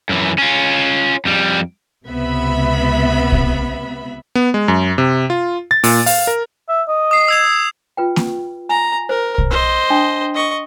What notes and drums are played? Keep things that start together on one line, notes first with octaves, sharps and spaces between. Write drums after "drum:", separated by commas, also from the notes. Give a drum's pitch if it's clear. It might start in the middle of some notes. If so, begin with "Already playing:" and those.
F#2 E3
C#4 F4
F2 G3
C#2 C3 B3 E5 B5
drum: kick
B3
G#3
F#2
C3
F4
A6
A#2, drum: open hi-hat
F5, drum: open hi-hat
A#4
E5
D#5
D#6 C7
E6 G#6 F7
F4 B4 G5
drum: snare A#3
G#5 A#5
A#4 C5
drum: kick
C5 D#5 E6
D4 G5 D#6
D#5 C#6